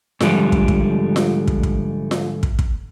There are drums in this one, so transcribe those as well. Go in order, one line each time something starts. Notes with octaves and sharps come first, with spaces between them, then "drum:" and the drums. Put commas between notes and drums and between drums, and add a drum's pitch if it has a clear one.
G#2 D3 F3 G3 A3, drum: snare F4
drum: kick
drum: kick
drum: snare F4
drum: kick
drum: kick
drum: snare F4
drum: kick
drum: kick